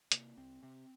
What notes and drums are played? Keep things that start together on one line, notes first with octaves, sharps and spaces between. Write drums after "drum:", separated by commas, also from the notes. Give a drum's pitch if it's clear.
C3 A#3, drum: hi-hat
C2 C4
C3 C4